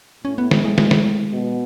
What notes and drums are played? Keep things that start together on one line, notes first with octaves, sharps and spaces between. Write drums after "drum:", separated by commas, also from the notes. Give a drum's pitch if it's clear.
A2 C#4
B3
G#3, drum: snare
G#3
G#3, drum: snare
drum: snare
B2